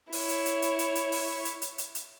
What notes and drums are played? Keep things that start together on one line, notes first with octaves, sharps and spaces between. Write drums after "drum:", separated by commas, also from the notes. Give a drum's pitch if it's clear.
E4 C#5, drum: open hi-hat
drum: hi-hat
drum: hi-hat
drum: hi-hat
drum: hi-hat
drum: hi-hat
drum: open hi-hat
drum: hi-hat
drum: hi-hat
drum: hi-hat
drum: hi-hat